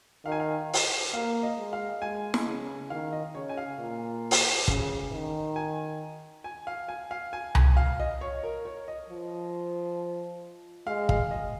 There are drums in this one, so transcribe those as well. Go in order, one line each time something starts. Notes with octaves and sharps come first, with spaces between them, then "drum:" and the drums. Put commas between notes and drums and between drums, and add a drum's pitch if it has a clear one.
D#3 F5
G#5
F5
drum: open hi-hat
A#3 F5
D#5
G#3
F5
G#3 G#5
drum: snare
C#3
D#3 F5
D#5
C#3 C#5
G#5
F5
A#2
drum: open hi-hat
C#3, drum: kick
D#3
G#5
G#5
F5
G#5
F5
G#5
G#5, drum: tom C2
F5
D#5
C#5
A#4
C#5
D#5
F3
G#3 F5
F5, drum: kick
D#5